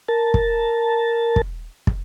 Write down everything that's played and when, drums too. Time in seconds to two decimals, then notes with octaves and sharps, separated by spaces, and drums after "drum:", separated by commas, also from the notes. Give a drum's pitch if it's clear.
0.08 A#4 A5
0.34 drum: kick
1.36 drum: kick
1.87 drum: kick